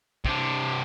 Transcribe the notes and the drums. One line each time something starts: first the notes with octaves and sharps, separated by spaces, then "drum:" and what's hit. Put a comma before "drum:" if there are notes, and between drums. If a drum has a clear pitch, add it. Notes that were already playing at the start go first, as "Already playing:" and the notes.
C3 D4, drum: kick